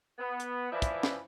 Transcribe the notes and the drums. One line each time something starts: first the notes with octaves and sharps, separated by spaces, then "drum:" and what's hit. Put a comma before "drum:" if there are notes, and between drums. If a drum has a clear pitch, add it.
B3
drum: hi-hat
E3 F3 E4 B4 D5
drum: kick, hi-hat
drum: snare